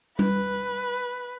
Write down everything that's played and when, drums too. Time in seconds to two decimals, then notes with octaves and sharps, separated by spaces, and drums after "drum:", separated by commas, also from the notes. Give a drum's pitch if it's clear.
0.19 B4, drum: tom G3